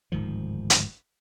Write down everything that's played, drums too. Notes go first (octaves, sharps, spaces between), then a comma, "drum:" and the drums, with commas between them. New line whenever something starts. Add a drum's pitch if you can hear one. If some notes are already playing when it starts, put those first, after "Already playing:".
D1 G#2 D#3 F3
drum: hi-hat